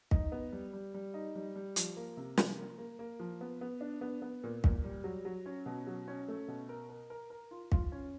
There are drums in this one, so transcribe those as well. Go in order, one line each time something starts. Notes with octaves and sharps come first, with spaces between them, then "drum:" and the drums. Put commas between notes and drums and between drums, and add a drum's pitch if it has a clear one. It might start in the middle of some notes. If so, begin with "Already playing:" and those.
D#4, drum: kick
B3
G3
G3
G3
D#4
G3
G3
F3, drum: hi-hat
A#3
C3
F3, drum: snare
A#3
A#3
A#3
F3
B3
B3
D4
B3
B3
A#2
A#2, drum: kick
G3
F#3
F#3
C#4
B2
F#3
C#4
A3
B2
A#4
A#4
A#4
A#4
F4
F4, drum: kick
C#4